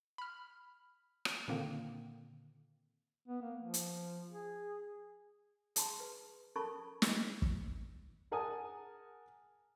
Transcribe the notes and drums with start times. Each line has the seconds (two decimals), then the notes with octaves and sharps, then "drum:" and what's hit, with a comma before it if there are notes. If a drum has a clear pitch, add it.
0.18 B5 F6
1.25 drum: rim click
1.48 A#2 D3 D#3 A#3 C4
3.28 B3
3.42 A#3
3.60 F3
3.74 drum: hi-hat
4.31 G#4
5.76 G#4 A5 C6, drum: hi-hat
6.00 B4
6.56 C#4 A4 A#4 A5 B5 C#6
7.02 drum: snare
7.42 drum: kick
8.31 G#4 A#4 F#5 G#5 A5 D#6